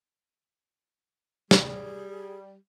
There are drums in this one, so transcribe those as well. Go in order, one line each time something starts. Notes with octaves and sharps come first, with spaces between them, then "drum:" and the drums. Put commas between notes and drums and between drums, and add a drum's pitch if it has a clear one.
G3 G#4, drum: snare